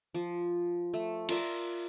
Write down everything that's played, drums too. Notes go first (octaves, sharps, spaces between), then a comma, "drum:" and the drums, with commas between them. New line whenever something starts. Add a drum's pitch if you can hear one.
F3
A3
F4 A#4 D5 E5, drum: cymbal